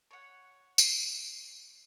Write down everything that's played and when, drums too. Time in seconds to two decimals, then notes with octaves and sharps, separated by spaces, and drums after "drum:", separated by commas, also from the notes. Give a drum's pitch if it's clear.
0.11 C#5 F#5
0.78 drum: tambourine